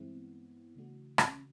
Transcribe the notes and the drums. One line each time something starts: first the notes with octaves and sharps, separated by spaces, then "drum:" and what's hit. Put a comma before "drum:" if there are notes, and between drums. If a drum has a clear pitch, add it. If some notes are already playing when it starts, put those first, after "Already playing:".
Already playing: G2 E3 G#3 C4 E4
B3
C#3 E3 A3 D4 F#4
C4, drum: rim click
C#4